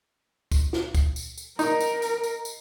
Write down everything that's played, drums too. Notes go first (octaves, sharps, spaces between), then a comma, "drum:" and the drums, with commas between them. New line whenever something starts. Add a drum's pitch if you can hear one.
drum: kick, tambourine
drum: snare
drum: kick, tambourine
drum: tambourine
drum: tambourine
D#4 A#4, drum: tambourine
drum: tambourine
drum: tambourine
drum: tambourine
drum: tambourine